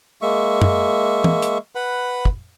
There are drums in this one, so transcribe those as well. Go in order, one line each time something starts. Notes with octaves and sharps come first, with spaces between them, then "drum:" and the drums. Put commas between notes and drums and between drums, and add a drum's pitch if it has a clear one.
G#3 A#3 E5 C#6
drum: tom
drum: tom
drum: hi-hat
B4 F#5 B5
drum: kick